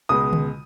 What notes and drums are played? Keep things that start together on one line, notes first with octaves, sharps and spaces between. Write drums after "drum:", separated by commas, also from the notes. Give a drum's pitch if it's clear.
C#2 B2 G#3 D#6
drum: tom D3